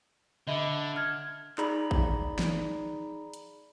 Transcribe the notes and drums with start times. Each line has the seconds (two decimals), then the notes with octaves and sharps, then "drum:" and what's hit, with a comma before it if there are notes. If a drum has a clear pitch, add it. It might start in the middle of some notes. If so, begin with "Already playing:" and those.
0.47 D3 D#5 E5 B5
0.96 F6 G#6
1.58 D#4 G#4 D5 A#5 B5, drum: clap
1.91 drum: kick
2.39 drum: snare
3.34 drum: hi-hat